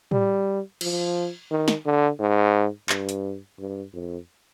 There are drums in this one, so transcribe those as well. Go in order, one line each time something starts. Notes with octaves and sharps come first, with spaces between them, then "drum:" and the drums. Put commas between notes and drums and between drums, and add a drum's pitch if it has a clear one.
G3, drum: tom A2
F3, drum: cymbal
D#3
drum: snare
D3
G#2
G2, drum: clap
drum: hi-hat
G2
F2